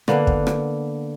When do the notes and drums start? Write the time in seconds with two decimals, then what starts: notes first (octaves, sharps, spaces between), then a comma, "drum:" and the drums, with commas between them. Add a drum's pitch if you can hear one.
0.08 D3 A#3 B3, drum: rim click
0.27 drum: kick
0.47 drum: rim click